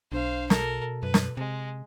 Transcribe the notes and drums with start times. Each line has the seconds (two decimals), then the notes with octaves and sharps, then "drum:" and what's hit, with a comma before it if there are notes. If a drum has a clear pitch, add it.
0.12 B1 D4 C5 F5
0.50 B2 A4 A#4, drum: snare
1.03 F#2 B4
1.14 drum: snare
1.37 C3 G#3